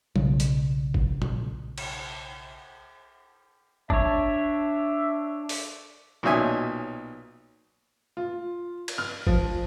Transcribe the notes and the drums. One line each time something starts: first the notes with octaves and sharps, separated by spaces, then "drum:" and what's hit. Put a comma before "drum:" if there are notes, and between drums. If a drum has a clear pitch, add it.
B1 C#3, drum: tom
drum: hi-hat
drum: kick G1
drum: tom A#2
drum: cymbal
D4 C#5 E5, drum: kick G1
drum: open hi-hat
B1 A#2 F#3 D#4 E5 G#5
F4
drum: cymbal
F6
F3, drum: kick G1